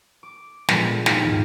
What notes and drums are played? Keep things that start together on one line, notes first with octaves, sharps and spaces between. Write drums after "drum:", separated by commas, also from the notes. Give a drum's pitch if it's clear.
D6
A#2 F3 G#3 B3 C4 D4, drum: snare
D#4 E4 G4 C5 F5 G#5, drum: snare
D#2 G#2